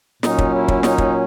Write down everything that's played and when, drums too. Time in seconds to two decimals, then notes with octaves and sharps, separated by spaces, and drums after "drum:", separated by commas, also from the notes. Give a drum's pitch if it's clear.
0.23 A#2 F#3 C#4 D#4, drum: snare
0.38 drum: kick
0.53 E4
0.68 drum: kick
0.83 D#4, drum: snare
0.98 drum: kick